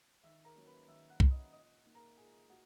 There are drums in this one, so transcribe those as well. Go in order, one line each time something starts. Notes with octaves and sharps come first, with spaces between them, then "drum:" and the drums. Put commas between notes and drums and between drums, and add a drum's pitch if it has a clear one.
D#3 E5 E6
A#4 A#5
F#3 A#3 C#4
B4 B5
D#3 E5 E6
F#5 F#6
F#3 A#3 C#4, drum: kick C2
D#5 D#6
A#2 D#5 D#6
A#3 D#4
A#4 A#5
A#2 G#4 G#5
A#3 F#4 F#5